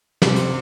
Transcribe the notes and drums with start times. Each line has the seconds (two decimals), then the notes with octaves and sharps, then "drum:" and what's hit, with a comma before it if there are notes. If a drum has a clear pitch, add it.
0.22 C3, drum: snare
0.36 drum: hi-hat